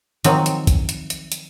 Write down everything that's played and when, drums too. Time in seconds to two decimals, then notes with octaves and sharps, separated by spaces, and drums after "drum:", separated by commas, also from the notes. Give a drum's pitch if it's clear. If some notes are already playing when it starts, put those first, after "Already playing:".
0.24 D#3 F3 F#3 C4 G#5, drum: hi-hat
0.46 drum: hi-hat
0.67 drum: kick, hi-hat
0.89 drum: hi-hat
1.10 drum: hi-hat
1.32 drum: hi-hat